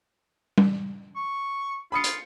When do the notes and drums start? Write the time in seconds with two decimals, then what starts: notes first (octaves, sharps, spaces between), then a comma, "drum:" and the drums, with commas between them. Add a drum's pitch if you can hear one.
0.58 drum: tom G3
1.16 C#6
1.92 F4 B5 D#6 C#7
2.04 drum: hi-hat